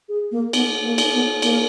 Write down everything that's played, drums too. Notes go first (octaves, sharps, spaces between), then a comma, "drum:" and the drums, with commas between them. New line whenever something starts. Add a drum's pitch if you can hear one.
G#4
A#3
B3, drum: cymbal
A#3
drum: cymbal
B3
A#3, drum: cymbal